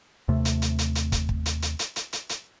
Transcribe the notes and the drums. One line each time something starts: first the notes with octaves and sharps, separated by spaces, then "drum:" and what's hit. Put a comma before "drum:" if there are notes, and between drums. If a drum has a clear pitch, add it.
D#2 C3 A3
drum: hi-hat
drum: hi-hat
drum: hi-hat
drum: hi-hat
drum: kick, hi-hat
drum: kick
drum: hi-hat
drum: hi-hat
drum: hi-hat
drum: hi-hat
drum: hi-hat
drum: hi-hat